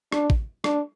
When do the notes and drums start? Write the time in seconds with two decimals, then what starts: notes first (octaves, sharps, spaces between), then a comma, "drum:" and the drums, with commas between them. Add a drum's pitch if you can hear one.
0.12 D4, drum: rim click
0.30 drum: kick A1
0.64 D4, drum: rim click